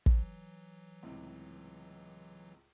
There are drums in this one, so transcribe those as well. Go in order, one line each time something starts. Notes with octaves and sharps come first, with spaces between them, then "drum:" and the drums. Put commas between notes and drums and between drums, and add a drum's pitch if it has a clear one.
E3 F#3, drum: kick
C#2 A2 C3